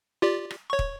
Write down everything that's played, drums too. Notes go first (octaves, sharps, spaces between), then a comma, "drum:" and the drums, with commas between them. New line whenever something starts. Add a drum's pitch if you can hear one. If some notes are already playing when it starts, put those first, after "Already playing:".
F4 G4 D5
drum: rim click
C#5 C#6
drum: kick